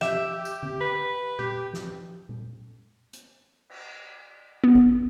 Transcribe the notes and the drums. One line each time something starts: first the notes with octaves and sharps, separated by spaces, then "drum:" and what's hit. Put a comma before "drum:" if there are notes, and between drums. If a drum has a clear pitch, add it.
G4 E5, drum: snare
drum: tambourine
drum: tom D3
B4
G4, drum: tom A#2
drum: snare
drum: tom A#2
drum: hi-hat
drum: cymbal
B3
drum: kick G#1